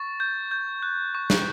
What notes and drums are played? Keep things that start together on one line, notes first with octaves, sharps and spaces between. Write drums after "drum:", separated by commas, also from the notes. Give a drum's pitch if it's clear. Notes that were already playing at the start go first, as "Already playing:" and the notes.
Already playing: C#6 A6
G6
G6
F#6
C#6
drum: snare